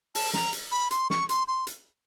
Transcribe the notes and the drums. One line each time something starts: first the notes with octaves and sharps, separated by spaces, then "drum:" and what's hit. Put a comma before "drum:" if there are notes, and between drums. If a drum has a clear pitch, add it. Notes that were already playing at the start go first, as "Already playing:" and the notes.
A5, drum: open hi-hat
A#5, drum: snare
drum: hi-hat
B5
C6, drum: hi-hat
C#6, drum: snare
C6, drum: hi-hat
C6
drum: hi-hat